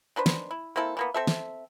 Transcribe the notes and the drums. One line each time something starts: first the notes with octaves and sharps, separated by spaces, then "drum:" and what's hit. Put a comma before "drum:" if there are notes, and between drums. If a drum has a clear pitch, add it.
D#3 D4 B4 C5
drum: snare
E4
A#3 C4 E4 A4
E3 A#3 B3
C4 A4 E5
drum: snare